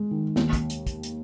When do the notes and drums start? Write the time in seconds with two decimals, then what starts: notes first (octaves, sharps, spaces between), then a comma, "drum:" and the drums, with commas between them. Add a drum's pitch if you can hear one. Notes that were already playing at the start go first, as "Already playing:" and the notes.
Already playing: G#3
0.11 D#3
0.36 D#2, drum: snare
0.53 drum: kick, hi-hat
0.70 drum: hi-hat
0.87 drum: kick, hi-hat
1.03 drum: hi-hat